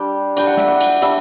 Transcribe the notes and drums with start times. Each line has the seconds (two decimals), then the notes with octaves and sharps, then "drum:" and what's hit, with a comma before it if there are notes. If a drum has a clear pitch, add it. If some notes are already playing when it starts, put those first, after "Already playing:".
Already playing: G3 D4 G5
0.37 G3 D4 G5, drum: cymbal
0.47 F#5
0.57 E5, drum: snare
0.68 F#5
0.81 drum: cymbal
1.02 G3 D4 E5, drum: cymbal